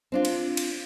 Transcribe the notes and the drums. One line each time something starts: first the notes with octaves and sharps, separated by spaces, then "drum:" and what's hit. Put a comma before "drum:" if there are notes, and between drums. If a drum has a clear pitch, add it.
C4 D4 F4
drum: cymbal
drum: cymbal